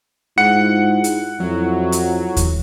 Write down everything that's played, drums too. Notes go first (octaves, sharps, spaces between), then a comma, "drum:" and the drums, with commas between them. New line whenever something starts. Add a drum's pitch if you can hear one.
G#2 E4 F4 F#5 C#7
drum: hi-hat
F2 F#3 E4
drum: hi-hat
drum: kick D#2, hi-hat